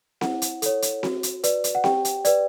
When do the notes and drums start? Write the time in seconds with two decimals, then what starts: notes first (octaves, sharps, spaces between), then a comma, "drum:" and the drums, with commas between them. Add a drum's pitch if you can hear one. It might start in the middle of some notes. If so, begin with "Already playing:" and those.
0.21 E4 F#5, drum: snare C4
0.42 drum: hi-hat
0.62 A4 C#5, drum: hi-hat
0.82 drum: hi-hat
1.03 F#4, drum: snare C4
1.23 drum: hi-hat
1.44 B4 D5, drum: hi-hat
1.64 drum: hi-hat
1.75 F#5
1.84 G4 G5, drum: snare C4
2.05 drum: hi-hat
2.25 B4 D5, drum: hi-hat